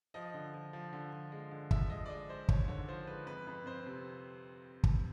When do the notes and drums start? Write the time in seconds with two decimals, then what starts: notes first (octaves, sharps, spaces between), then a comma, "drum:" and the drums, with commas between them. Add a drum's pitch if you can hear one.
0.14 F3 D#5
0.34 D3
0.54 F3
0.73 F3
0.93 D3
1.13 F3
1.32 G#3
1.51 D3
1.71 F3 E5, drum: kick
1.90 G#3 D#5
2.06 D5
2.10 G#3 D#5
2.29 G#3 C5
2.49 D#2 C#5, drum: kick
2.68 D3 C#5
2.88 F3 C5
3.07 G#3 B4
3.27 F2 B4
3.47 F2
3.66 F2 C5
3.86 C3
4.84 drum: kick